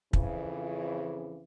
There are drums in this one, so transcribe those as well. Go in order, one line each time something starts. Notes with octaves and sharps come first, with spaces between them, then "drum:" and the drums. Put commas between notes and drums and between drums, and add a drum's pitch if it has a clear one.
F2 C#3 E3, drum: kick